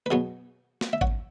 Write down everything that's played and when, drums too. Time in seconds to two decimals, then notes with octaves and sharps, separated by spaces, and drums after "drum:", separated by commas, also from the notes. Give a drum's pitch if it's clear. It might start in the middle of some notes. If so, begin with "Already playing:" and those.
0.06 B4
0.11 B2 F#3 B3 G#4 C#5
0.81 drum: snare
0.93 E5
1.01 C#5 F#5, drum: kick G#1